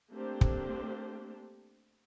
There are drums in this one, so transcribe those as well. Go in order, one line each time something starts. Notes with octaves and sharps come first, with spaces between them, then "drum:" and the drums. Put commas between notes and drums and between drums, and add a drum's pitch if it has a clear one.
A3 A#3 C4 D4 G4 C5
drum: kick